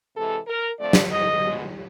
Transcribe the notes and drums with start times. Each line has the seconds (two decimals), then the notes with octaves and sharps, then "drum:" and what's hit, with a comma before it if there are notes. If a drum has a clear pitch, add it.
0.16 C3 E3 G#3 A4
0.47 A#4
0.80 D3 F3 A3 C4 D5
0.93 drum: snare
1.11 D#5
1.42 B2 G#3 B3